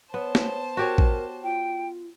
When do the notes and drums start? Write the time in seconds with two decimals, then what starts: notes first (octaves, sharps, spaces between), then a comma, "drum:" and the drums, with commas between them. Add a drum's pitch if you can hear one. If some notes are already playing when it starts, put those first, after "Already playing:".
0.14 B3 C5 C#5 A5
0.35 drum: snare
0.77 F#4 G4 A#4 C#5
0.98 drum: kick
1.44 F4 G5